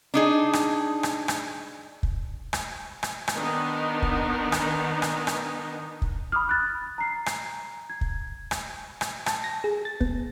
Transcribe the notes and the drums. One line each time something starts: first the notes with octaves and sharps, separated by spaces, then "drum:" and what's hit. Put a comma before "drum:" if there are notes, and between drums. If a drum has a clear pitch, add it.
D4 D#4 G#4
drum: rim click
drum: rim click
drum: rim click
drum: kick
drum: rim click
drum: rim click
drum: rim click
D#3 B3 D4 D#4
drum: kick
drum: rim click
drum: rim click
drum: rim click
drum: kick
B5 D6 D#6 F6
D6 F#6 A6
A#5 C7
drum: rim click
G#6
drum: kick
drum: rim click
drum: rim click
A5, drum: rim click
A#6
G#4
A6
B3, drum: kick